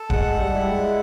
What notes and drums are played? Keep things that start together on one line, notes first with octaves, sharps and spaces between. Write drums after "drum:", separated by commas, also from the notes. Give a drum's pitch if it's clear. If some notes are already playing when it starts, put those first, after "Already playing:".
Already playing: A4
G#3 F#5, drum: kick D1
G3
E4
G#3